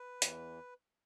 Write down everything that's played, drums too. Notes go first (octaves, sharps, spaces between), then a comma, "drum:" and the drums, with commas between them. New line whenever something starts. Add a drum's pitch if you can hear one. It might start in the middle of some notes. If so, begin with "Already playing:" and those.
Already playing: B4
E2 E3, drum: hi-hat